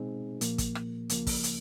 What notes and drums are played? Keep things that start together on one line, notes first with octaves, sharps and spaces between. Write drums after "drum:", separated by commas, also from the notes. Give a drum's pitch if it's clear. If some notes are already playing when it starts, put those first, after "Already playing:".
Already playing: B2 G#3 C4 D#4 G#4
A#2 F3 A#3, drum: hi-hat
drum: kick, hi-hat
drum: rim click
C#2 C#3 F3 A#3, drum: hi-hat
drum: kick, open hi-hat
drum: hi-hat